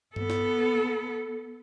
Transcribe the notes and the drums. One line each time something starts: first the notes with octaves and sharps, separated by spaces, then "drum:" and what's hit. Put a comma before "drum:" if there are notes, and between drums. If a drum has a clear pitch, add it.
B3 A4, drum: tom G2
drum: snare